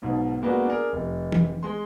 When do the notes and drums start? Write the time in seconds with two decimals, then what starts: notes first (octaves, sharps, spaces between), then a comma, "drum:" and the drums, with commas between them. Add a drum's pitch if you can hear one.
0.02 B1 G#2 B2
0.42 G#3 A#3 B3 D4 F#4
0.65 D4 G#4 A#4
0.93 F1
1.32 drum: tom E3
1.63 G#3 C6